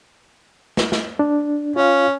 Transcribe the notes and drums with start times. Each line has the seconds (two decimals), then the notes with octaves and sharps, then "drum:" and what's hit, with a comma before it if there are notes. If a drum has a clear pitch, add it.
0.77 drum: snare
0.92 drum: snare
1.19 D4
1.76 C#4 F4 F5